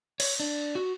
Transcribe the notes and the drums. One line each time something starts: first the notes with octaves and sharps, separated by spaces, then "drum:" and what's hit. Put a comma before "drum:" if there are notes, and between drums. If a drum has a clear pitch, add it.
C#5, drum: cymbal
D4
F#4